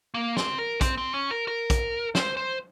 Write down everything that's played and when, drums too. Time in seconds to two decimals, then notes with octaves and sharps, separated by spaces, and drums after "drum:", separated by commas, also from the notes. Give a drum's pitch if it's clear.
0.14 A#3
0.37 C4, drum: snare
0.59 A#4
0.81 C4, drum: kick, hi-hat
0.98 C4
1.14 C#4
1.31 A#4
1.48 A#4
1.70 drum: kick, hi-hat
2.15 C5, drum: snare
2.37 C5